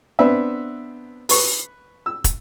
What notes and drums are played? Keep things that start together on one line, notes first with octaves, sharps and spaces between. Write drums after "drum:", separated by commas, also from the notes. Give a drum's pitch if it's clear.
B3 C4 D4 B4 E5
B4 C#6, drum: open hi-hat
E6
drum: kick, hi-hat